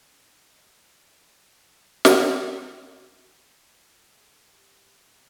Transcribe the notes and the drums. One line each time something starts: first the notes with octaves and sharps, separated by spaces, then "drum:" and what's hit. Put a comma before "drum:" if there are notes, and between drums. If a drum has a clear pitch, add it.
C#4
D#4
B2
D#5
G3
C5
D5
E5
E3
F#4
B2
drum: snare
C3
F3
D2
A#2
G#4
D#3
G4
C3